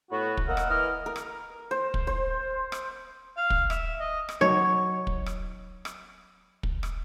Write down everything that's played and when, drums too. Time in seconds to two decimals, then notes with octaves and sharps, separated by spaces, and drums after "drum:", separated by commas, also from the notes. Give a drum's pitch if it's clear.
0.11 A2 B3 F#4
0.37 drum: kick
0.48 A#3 D#5 E5 F#5 F6
0.57 drum: rim click
0.70 E3 A#4 D#5 F6
1.06 A#4
1.16 drum: rim click
1.71 C5
1.94 drum: kick
2.07 C5
2.72 drum: rim click
3.37 F5
3.50 drum: kick
3.70 E5, drum: rim click
4.00 D#5
4.29 drum: rim click
4.41 F#3 D#4 C#5
5.07 drum: kick
5.26 drum: rim click
5.85 drum: rim click
6.63 drum: kick
6.83 drum: rim click